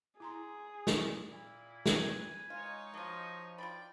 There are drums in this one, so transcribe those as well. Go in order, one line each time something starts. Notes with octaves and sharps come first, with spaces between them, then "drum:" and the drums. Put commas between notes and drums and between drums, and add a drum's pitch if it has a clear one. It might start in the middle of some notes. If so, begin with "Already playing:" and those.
E4 G#4 A#5 C6
drum: snare
A#2 E4
F#3 B4 G#5, drum: snare
G#3 D#4 F4 C#5
F3 F#3 F4 D#5
F4 D5 G5 B5